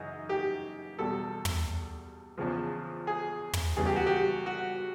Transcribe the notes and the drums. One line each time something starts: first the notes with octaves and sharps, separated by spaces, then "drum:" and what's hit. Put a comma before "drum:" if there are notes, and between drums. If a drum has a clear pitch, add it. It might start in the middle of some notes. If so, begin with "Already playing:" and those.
Already playing: F#2 C#3 E3 D#4
G4
E2 B2 G3 A4
drum: tom
E2 C#3 F3
G#4
drum: tom
E2 C#3 E3 G3 G#4
G4
F#4
G4
F#4